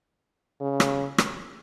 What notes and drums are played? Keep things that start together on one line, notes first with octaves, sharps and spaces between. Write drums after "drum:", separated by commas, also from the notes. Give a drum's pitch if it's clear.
C#3
drum: rim click
drum: rim click